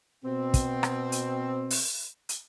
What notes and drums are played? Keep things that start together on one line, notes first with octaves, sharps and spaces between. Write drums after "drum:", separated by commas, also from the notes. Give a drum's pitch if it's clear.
B2 C4
drum: kick, hi-hat
drum: rim click
drum: hi-hat
drum: open hi-hat
drum: hi-hat